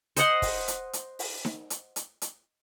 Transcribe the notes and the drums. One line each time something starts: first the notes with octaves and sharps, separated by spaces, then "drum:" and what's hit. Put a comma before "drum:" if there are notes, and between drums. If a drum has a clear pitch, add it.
C5 D#5 F#5 C6, drum: hi-hat
drum: kick, open hi-hat
drum: hi-hat
drum: hi-hat
drum: open hi-hat
drum: snare D#4
drum: hi-hat
drum: hi-hat
drum: hi-hat